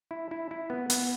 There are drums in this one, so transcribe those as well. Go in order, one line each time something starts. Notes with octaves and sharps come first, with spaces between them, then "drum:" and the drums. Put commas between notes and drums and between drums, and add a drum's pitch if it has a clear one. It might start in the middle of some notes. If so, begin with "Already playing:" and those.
E4
E4
E4
B3
B3, drum: hi-hat